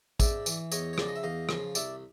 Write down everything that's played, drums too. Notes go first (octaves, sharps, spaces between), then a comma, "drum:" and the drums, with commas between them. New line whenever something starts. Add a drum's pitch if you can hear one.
G#2 D5 E5, drum: kick, tambourine
E3, drum: tambourine
E2 C#5 D#5, drum: tambourine
C#5
C#3 F3 D5, drum: rim click
D#5
E5
E2 D#5 F5
C#3 F3, drum: rim click
C2 D5 E5, drum: tambourine